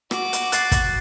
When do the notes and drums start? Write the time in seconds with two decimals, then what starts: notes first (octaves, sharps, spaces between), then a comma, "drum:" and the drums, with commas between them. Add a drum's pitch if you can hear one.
0.11 F#4 D6, drum: rim click
0.33 drum: hi-hat
0.52 F#6 A6 C7, drum: hi-hat
0.72 drum: kick, hi-hat